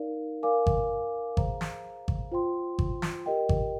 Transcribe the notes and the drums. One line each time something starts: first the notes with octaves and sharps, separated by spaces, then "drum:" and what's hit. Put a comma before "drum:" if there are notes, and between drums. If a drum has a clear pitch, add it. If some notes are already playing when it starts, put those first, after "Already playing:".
Already playing: D#4 A#4 D5 F5
A#4 D5 F5 G#5 D6
drum: kick G#1
G#4 C5 F5 A#5, drum: kick G#1
drum: snare
drum: kick G#1
F4 C5 G5 C6
drum: kick G#1
drum: snare
G4 A#4 D#5 G5
drum: kick G#1